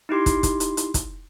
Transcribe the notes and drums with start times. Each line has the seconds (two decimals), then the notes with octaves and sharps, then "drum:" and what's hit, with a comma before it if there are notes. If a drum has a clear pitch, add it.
0.09 D#4 E4 G4 C6
0.26 drum: kick, hi-hat
0.43 drum: kick, hi-hat
0.60 drum: hi-hat
0.77 drum: hi-hat
0.94 drum: kick, hi-hat